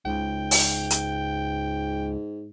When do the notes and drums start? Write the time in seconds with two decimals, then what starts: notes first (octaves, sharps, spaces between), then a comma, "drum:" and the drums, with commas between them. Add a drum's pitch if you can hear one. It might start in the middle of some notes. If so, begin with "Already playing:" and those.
0.06 C#2 G#2 G5
0.51 drum: open hi-hat
0.90 drum: hi-hat